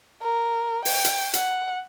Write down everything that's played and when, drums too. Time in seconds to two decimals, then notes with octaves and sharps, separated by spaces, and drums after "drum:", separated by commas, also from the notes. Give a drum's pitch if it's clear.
0.22 A#4
0.85 G5, drum: open hi-hat
1.04 drum: hi-hat
1.34 F#5, drum: hi-hat